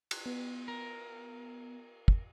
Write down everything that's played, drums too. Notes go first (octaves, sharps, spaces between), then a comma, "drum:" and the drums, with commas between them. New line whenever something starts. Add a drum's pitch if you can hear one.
drum: cymbal
B3
A#4
drum: kick